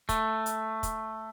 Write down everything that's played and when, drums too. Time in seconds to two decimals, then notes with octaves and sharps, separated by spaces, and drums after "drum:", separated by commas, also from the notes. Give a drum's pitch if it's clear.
0.09 A3, drum: kick, hi-hat
0.46 drum: hi-hat
0.83 drum: kick, hi-hat